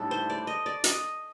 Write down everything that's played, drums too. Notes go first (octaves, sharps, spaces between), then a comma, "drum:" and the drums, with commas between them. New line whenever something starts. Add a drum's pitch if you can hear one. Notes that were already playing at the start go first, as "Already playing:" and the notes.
Already playing: A2 G3 D4 D#4 G4 A4
C5
D5
D#5
D5
D#5, drum: hi-hat